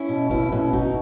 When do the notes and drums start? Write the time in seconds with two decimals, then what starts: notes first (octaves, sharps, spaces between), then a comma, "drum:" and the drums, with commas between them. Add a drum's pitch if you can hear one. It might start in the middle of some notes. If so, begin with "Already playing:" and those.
Already playing: C#4 E4
0.09 B2
0.30 B2 C#4 E4, drum: kick G#1
0.52 B2 C#4 E4
0.73 B2 D#4 F#4, drum: kick G#1